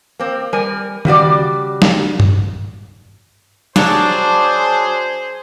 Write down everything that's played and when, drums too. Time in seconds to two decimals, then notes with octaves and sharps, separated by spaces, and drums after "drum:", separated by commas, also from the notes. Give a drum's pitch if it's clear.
0.19 A#3 C4
0.53 G3 A#4 G#5
1.05 C#3 G3 F#4 D5, drum: tom D#3
1.82 drum: snare
2.20 drum: tom G2
3.76 F#3 D4 G#4 C5, drum: snare